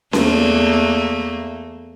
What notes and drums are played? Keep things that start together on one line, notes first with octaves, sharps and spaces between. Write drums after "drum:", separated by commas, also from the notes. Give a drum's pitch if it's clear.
E2 A3 A#3, drum: snare C#4